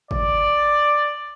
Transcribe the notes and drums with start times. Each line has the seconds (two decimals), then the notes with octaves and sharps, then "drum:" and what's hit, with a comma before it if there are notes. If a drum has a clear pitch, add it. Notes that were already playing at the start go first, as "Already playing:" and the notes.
0.11 D5, drum: kick